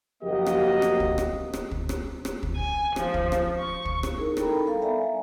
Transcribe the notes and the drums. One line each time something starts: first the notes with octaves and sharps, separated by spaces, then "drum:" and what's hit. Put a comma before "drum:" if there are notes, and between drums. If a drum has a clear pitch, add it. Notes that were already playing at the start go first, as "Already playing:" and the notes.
F#1 F3 A#3 F#4 G4 D#5
drum: rim click
drum: rim click
drum: kick
drum: rim click
drum: rim click
drum: kick
drum: rim click
drum: rim click
drum: kick
G#5
F3, drum: rim click
drum: kick
drum: rim click
C#6
drum: kick
drum: rim click
D#4 E4 G#4 A#4
D#4 A4 A#4 G5 A#5 B5, drum: rim click
G3 B3 A4 F5
D5 E5 F5 G#5 A#5